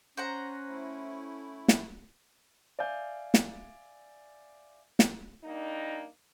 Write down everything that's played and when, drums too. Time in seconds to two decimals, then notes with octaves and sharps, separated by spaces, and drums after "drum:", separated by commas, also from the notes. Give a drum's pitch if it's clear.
0.17 C#4 C5 F#5 A#5
0.68 A3 E4
1.68 drum: snare
2.79 D5 E5 F5 G#5 G6
3.34 drum: snare
4.99 drum: snare
5.44 G3 A#3 D4 D#4